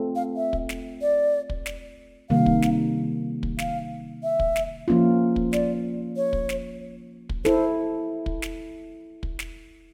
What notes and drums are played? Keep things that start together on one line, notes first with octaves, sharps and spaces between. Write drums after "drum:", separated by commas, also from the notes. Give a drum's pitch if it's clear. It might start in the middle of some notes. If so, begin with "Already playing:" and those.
Already playing: A3 C4 F4 A4
F5
E5
drum: kick
drum: snare
D5
drum: kick
drum: snare
C3 D#3 G3 A#3 F5
drum: kick
drum: snare
drum: kick
F5, drum: snare
E5
drum: kick
drum: snare
F3 A#3 C#4 F4
drum: kick
D5, drum: snare
C#5
drum: kick
drum: snare
drum: kick
E4 A4 C5, drum: snare
drum: kick
drum: snare
drum: kick
drum: snare